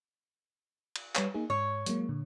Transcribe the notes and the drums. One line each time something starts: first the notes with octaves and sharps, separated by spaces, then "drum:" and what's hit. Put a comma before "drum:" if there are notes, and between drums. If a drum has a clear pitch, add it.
drum: cymbal
G3 B4 C#5, drum: clap
A#3 D#4 G#4
G#2 C#5
F#3 G#3 A#3, drum: hi-hat
A#2 D3